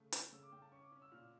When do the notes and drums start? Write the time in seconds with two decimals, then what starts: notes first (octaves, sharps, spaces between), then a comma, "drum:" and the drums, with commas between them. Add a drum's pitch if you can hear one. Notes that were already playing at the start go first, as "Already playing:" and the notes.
Already playing: C#3 A3
0.12 C#4, drum: hi-hat
0.32 C#3 E6
0.43 D6
0.52 C#3 G5
0.62 A5
0.72 C#4 C#6
0.82 D6
0.92 C#4
1.02 E6
1.12 A#2 F6